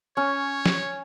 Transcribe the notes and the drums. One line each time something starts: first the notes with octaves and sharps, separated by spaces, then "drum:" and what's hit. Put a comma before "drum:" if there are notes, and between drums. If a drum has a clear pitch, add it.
C#4 C#5
drum: snare